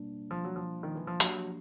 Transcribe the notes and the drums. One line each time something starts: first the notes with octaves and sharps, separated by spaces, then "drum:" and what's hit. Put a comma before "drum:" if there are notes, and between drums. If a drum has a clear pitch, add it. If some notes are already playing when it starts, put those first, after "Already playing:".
Already playing: B2 G3 A#3 D4
F3
F#3
F3
D#3
E3
F3
F3 F#3 A#3 D4 G4, drum: hi-hat